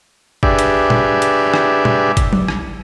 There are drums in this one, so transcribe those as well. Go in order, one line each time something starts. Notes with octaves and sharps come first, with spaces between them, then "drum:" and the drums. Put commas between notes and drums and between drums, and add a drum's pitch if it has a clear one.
D4 G4 G#4 B4 D5 E5, drum: kick G1
drum: hi-hat
drum: tom A#2
drum: hi-hat
drum: rim click
drum: tom A#2
drum: kick G1, hi-hat
drum: tom F#3
drum: rim click